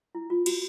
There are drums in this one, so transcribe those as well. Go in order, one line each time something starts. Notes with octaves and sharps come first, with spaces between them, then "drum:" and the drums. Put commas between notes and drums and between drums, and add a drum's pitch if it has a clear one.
E4
F4
F#4, drum: cymbal